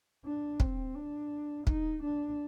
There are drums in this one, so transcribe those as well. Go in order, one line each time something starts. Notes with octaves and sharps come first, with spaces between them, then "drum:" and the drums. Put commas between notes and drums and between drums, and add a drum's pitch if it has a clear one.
D4
C4, drum: kick
D4
D#4, drum: kick
D4